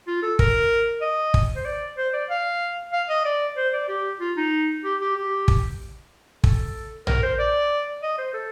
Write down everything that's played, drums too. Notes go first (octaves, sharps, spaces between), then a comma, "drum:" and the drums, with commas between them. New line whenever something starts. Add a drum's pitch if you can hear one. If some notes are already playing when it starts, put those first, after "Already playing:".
F4
A4
A#4, drum: kick
D#5
drum: kick
C5
D5
C5
D5
F5
F5
D#5
D5
C5
D5
G4
F4
D#4
G4
G4
G4
drum: kick
A4, drum: kick
A#4, drum: tom A#1
C5
D5
D#5
C5
A4